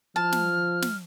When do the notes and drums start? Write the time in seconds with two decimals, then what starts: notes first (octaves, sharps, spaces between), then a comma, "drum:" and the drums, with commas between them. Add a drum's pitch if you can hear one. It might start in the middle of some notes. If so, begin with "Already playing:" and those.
0.16 F3 A5 F6
0.32 drum: snare
0.82 drum: snare